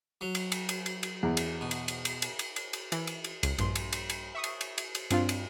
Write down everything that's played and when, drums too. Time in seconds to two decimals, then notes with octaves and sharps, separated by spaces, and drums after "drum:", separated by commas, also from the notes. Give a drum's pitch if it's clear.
0.21 F#3
0.35 drum: cymbal
0.52 drum: cymbal
0.69 drum: cymbal
0.86 drum: cymbal
1.03 drum: cymbal
1.23 E2
1.37 drum: cymbal
1.61 B2
1.71 drum: cymbal
1.88 drum: cymbal
2.05 drum: cymbal
2.22 drum: cymbal
2.39 drum: cymbal
2.56 drum: cymbal
2.73 drum: cymbal
2.92 E3, drum: cymbal
3.07 drum: cymbal
3.24 drum: cymbal
3.43 C#2, drum: cymbal
3.58 A#1 G2 C6, drum: cymbal
3.75 drum: cymbal
3.93 drum: cymbal
4.10 drum: cymbal
4.35 E5 C#6 D#6
4.44 drum: cymbal
4.61 drum: cymbal
4.78 drum: cymbal
4.95 drum: cymbal
5.10 G2 C4 D4 F4, drum: cymbal
5.29 drum: cymbal